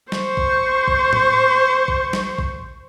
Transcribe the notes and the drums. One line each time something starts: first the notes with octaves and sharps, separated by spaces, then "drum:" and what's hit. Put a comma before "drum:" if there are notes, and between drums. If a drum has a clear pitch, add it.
C5 C#6, drum: snare
drum: kick
drum: kick
drum: tom A2
drum: kick
drum: snare
drum: kick